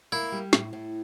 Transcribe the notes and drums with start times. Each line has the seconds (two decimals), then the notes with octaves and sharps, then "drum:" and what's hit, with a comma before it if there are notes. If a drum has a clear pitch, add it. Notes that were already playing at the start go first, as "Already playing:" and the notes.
0.12 A#3 E4
0.32 G3
0.53 A2, drum: snare
0.73 A2